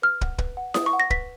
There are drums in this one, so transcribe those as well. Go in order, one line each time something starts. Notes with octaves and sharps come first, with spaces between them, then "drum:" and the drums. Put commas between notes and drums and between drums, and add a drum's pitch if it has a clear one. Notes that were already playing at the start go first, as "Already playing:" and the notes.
B4 F6
F#5, drum: kick
B4, drum: kick
F#5
B4 D#6, drum: snare E4
C#6
F#5
A#6
B4 B6, drum: kick